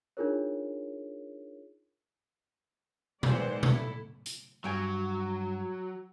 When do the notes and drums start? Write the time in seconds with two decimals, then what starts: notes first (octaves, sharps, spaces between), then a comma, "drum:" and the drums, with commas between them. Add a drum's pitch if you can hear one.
0.17 D4 D#4 F4 G#4 A#4 C#5
3.23 D#3 E3 G#3 C5 D5 F#5, drum: tom A#2
3.63 E4 A4, drum: tom A#2
4.26 drum: hi-hat
4.64 G2 F#3 G5 G#5